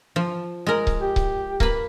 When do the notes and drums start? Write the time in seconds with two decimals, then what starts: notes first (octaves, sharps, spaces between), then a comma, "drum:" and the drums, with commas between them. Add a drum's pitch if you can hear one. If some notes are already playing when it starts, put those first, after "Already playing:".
0.16 F3
0.67 G#3 A#4
0.87 drum: kick C#1
1.01 G4
1.16 drum: kick C#1
1.60 A#3 B4, drum: kick C#1